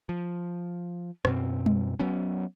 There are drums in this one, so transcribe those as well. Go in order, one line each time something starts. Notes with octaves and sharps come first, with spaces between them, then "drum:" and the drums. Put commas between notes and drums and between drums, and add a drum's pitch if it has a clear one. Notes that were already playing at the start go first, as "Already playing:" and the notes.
F3
F#2 B2 C4, drum: rim click
drum: tom G3
F#3 B3 C#4